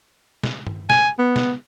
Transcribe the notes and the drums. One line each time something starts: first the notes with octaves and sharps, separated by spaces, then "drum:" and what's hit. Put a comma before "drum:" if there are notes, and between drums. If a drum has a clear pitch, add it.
drum: snare
drum: tom G2
G#5, drum: snare
B3
drum: snare